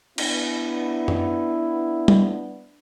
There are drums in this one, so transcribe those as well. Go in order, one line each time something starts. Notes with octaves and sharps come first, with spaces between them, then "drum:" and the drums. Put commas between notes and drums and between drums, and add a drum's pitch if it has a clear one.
B3 D4 E4, drum: cymbal
drum: tom F#2
drum: tom G3